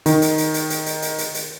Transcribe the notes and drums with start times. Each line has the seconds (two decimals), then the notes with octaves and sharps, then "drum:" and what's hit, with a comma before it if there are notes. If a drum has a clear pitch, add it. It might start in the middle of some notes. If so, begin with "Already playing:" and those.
0.06 D#3, drum: hi-hat
0.22 drum: hi-hat
0.38 drum: hi-hat
0.54 drum: hi-hat
0.70 drum: hi-hat
0.86 drum: hi-hat
1.02 drum: hi-hat
1.18 drum: hi-hat
1.35 drum: hi-hat